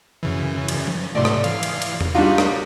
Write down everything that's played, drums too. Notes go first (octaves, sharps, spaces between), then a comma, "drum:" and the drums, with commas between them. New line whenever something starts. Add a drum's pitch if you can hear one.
F#2 C#3 E3
drum: cymbal
drum: tom F3
G#2 C3 A3 D5 C6
drum: rim click
E3 F5, drum: cymbal
drum: cymbal
drum: cymbal
drum: tom E2
G3 D4 D#4 F4 F#4
drum: rim click